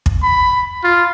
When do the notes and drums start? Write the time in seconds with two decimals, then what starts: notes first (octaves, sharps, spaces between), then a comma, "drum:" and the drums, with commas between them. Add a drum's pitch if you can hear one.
0.06 drum: kick
0.23 B5
0.84 F4